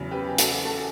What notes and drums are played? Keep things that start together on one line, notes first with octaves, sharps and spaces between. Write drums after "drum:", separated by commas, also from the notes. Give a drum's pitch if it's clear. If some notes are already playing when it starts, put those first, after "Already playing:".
Already playing: E2 C#3 F#3
G4 B4
F#4 A4, drum: hi-hat
F#4 A4